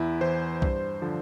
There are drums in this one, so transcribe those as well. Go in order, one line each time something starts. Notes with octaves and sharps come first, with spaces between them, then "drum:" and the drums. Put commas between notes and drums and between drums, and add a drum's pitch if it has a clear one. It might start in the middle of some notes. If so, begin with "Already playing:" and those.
Already playing: E2 E4
E3 C5
G2, drum: kick B1
D3 F3